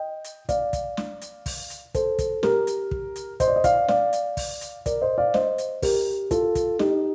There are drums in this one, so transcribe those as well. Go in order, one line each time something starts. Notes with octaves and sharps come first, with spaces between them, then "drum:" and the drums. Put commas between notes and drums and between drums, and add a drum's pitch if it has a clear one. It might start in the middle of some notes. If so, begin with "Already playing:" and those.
Already playing: D#5 G5
drum: hi-hat
D5 F5, drum: kick, hi-hat
drum: kick, hi-hat
drum: snare
drum: hi-hat
drum: kick, open hi-hat
drum: hi-hat
A4 C5, drum: kick, hi-hat
drum: kick, hi-hat
G4 A#4, drum: snare
drum: hi-hat
drum: kick
drum: hi-hat
C5 D#5, drum: kick, hi-hat
D5
D#5
D5 F5, drum: kick, hi-hat
D5 F5, drum: snare
drum: hi-hat
drum: kick, open hi-hat
drum: hi-hat
A#4 D5, drum: kick, hi-hat
C5 D#5
D5 F5
C5 D#5, drum: snare
drum: hi-hat
G4 A#4, drum: kick, open hi-hat
F4 A4, drum: kick, hi-hat
drum: kick, hi-hat
D#4 G4, drum: snare